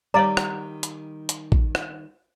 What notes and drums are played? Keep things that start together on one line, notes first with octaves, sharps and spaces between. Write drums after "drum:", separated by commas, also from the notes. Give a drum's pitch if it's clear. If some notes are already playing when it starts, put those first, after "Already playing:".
D#3 G3 C#5 D5 F5 A#5
drum: rim click
drum: hi-hat
drum: hi-hat
drum: kick
drum: rim click